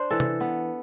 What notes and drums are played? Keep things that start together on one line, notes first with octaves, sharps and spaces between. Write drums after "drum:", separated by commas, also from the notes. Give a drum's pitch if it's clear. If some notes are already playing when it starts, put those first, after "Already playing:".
Already playing: D4 C5
E3 A4
drum: tom
B3